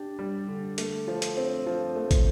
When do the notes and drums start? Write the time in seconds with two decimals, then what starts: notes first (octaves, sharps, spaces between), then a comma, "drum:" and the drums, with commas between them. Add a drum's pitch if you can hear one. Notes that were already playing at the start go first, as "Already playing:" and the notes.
Already playing: D4 G4
0.19 G3
0.48 D3
0.78 A3, drum: hi-hat
1.08 F3
1.22 drum: hi-hat
1.37 C4
1.66 F3
1.96 A3
2.11 drum: kick, hi-hat